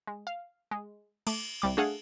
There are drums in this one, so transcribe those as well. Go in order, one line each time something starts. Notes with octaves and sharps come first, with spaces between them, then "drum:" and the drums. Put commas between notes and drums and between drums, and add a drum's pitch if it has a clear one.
G#3
F5
G#3
A3 D6, drum: cymbal
C2 G3 D6
A3 D4 G#4 A4 F5 F#5